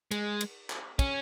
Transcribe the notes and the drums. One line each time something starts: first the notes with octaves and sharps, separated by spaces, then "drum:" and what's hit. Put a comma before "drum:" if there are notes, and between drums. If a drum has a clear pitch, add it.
G#3, drum: cymbal
drum: cymbal
drum: clap
C#4, drum: kick, cymbal